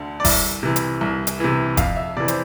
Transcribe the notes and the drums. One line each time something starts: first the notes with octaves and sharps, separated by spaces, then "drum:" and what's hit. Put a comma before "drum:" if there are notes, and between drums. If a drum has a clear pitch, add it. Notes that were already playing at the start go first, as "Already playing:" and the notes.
Already playing: D2 D3
D5
C2 E5, drum: kick F1, open hi-hat
C3 E3
drum: hi-hat
C2
drum: hi-hat
C3 E3
F2 F5, drum: kick F1, hi-hat
E5
C3 E3 D5
C5, drum: hi-hat